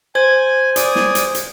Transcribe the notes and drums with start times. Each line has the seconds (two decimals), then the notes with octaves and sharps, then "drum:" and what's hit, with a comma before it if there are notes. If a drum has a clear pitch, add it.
0.15 C5 G#5 G#6
0.76 D5 G#5 D#6, drum: hi-hat
0.95 drum: snare
1.15 drum: hi-hat
1.35 drum: hi-hat